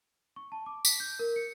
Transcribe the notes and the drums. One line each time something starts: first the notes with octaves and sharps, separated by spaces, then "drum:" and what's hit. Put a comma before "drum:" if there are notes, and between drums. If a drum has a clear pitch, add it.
C#6
A5
D6
B6, drum: tambourine
G6
A#4
C#7